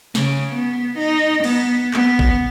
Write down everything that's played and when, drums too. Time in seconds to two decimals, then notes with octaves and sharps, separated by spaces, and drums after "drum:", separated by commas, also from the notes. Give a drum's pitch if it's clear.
0.15 C#3, drum: snare
0.55 B3
0.98 D#4
1.44 B3, drum: cymbal
1.94 B3, drum: clap
2.19 drum: kick A1